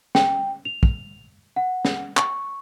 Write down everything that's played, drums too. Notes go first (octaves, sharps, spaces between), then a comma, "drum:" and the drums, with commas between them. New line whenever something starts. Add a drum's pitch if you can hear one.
G5, drum: snare
F7
drum: kick
F#5
drum: snare
C#6, drum: clap